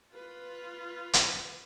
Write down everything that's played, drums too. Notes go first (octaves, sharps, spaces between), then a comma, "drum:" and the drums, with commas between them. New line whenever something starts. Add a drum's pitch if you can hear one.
F4 B4
drum: hi-hat